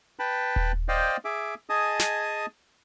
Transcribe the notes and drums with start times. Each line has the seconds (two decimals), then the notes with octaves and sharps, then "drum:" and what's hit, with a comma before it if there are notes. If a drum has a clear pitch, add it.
0.19 B4 G5 A5 B5
0.56 drum: kick D#1
0.88 C5 D5 D#5 F5 G5
1.25 G#4 E5 D6
1.69 G#4 D#5 G#5 A5 D#6
2.00 drum: snare